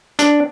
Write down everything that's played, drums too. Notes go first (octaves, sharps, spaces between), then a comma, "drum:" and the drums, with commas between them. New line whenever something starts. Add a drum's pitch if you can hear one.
D4, drum: hi-hat